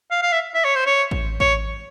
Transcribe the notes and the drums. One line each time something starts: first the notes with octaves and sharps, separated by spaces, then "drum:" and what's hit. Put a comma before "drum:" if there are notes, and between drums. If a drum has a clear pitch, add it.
F5
F5
E5
E5
C#5
C5
C#5
drum: kick A1
C#5, drum: kick A1